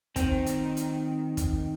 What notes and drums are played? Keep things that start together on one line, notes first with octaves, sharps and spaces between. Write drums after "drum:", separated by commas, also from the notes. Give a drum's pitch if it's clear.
D#3 C4, drum: kick, hi-hat
drum: hi-hat
drum: hi-hat
drum: kick, hi-hat